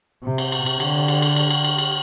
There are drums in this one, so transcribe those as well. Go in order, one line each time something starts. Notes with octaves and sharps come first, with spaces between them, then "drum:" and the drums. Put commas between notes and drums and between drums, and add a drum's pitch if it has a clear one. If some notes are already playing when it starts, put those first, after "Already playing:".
C3
drum: cymbal
drum: cymbal
drum: cymbal
D3, drum: cymbal
drum: cymbal
drum: cymbal
drum: cymbal
drum: cymbal
drum: cymbal
drum: cymbal